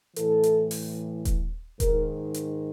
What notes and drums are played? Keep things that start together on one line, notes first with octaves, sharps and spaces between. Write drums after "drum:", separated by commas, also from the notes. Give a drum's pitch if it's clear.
A2 E3 A4, drum: hi-hat
drum: hi-hat
drum: open hi-hat
drum: kick D#1, hi-hat
G#2 D#3 A#4, drum: kick D#1, hi-hat
drum: hi-hat